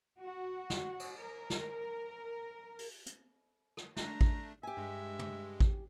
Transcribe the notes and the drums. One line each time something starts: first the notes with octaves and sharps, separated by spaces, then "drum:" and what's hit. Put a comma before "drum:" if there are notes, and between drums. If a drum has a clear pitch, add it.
F#4
drum: snare
drum: cymbal
A#4
drum: snare
drum: open hi-hat
drum: hi-hat
drum: rim click
A3 D4 A#5, drum: snare
drum: kick A1
G4 E5 G#5
G2 G#3
drum: tom
drum: kick A1